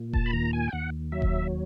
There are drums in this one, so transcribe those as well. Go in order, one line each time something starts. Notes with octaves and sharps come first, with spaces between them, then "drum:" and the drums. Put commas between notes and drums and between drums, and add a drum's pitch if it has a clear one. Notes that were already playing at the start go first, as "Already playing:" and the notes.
Already playing: A#2
A5, drum: kick E1
B5
D#2 A#5
G#5
G5
D#2 F#5
F#3 E5
drum: kick E1